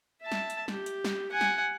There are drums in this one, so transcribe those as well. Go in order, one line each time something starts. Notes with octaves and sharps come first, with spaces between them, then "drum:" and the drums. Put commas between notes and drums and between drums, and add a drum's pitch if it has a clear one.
E5 A5
drum: snare
drum: hi-hat
G4, drum: snare
drum: hi-hat
drum: snare
F#5 G#5
drum: snare